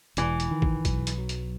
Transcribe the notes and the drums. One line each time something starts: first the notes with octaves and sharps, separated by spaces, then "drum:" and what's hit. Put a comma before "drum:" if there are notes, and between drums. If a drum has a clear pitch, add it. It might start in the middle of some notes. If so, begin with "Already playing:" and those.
E1 E3, drum: hi-hat
drum: hi-hat
D#3
drum: kick
B1, drum: kick, hi-hat
drum: hi-hat
F#3
drum: hi-hat